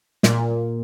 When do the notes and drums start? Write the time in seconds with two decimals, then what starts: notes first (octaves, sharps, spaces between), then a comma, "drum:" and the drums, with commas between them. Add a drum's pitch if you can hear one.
0.23 A#2, drum: snare